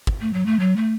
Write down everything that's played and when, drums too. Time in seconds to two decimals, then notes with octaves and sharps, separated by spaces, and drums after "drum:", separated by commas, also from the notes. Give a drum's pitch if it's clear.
0.07 drum: kick
0.20 A3
0.33 F#3
0.45 A3
0.59 F#3
0.76 A3